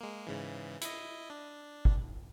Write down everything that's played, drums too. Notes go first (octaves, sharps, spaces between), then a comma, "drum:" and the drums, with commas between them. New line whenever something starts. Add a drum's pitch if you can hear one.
G#3 A#3
G#2 C#3 E3
E4 D#5, drum: hi-hat
D4
drum: kick